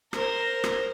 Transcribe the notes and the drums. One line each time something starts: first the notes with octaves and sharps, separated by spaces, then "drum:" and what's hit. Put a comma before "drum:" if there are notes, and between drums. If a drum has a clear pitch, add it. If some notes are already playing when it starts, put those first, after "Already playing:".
A#4 C5, drum: rim click
drum: rim click